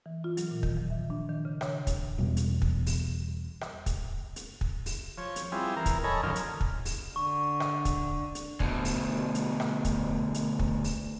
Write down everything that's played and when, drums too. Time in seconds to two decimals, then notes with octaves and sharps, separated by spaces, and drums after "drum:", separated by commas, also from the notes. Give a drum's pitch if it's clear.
0.06 E3
0.24 F4
0.37 F#3, drum: hi-hat
0.51 A#2
0.63 D#3, drum: kick
0.77 F3
0.90 E5
1.10 D4
1.29 D#3
1.45 C#3
1.61 C#5, drum: rim click
1.87 drum: kick, hi-hat
2.18 E2 B2 G3
2.37 drum: hi-hat
2.62 drum: kick
2.87 drum: open hi-hat
3.61 drum: rim click
3.86 drum: kick, hi-hat
4.36 drum: hi-hat
4.61 drum: kick
4.86 drum: open hi-hat
5.18 F3 C#5
5.36 drum: hi-hat
5.52 G3 C4 E4 F4 G#4
5.77 E3 A#4 A#5
5.86 drum: kick, hi-hat
6.04 A4 C#5 D#5 G#5 A#5 B5
6.23 F#2 D3 D#3 F3 A#4 F6
6.36 drum: hi-hat
6.61 drum: kick
6.85 drum: open hi-hat
7.16 D3 C#6
7.60 drum: rim click
7.85 drum: kick, hi-hat
8.35 drum: hi-hat
8.60 D2 B2, drum: kick
8.85 drum: open hi-hat
9.35 drum: hi-hat
9.60 drum: rim click
9.85 drum: kick, hi-hat
10.34 drum: hi-hat
10.59 drum: kick
10.84 drum: open hi-hat